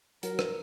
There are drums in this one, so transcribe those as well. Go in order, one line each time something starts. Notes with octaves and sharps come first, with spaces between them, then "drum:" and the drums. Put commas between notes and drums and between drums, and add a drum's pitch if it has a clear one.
F#3 A#4, drum: hi-hat
drum: rim click